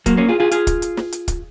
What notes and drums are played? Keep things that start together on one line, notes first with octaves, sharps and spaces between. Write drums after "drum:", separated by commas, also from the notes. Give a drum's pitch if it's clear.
F#3 A#3, drum: kick, hi-hat
A#3 C#4
F4 G#4
F4 G#4
F4 G#4, drum: hi-hat
drum: kick, hi-hat
drum: hi-hat
drum: snare
drum: hi-hat
drum: kick, hi-hat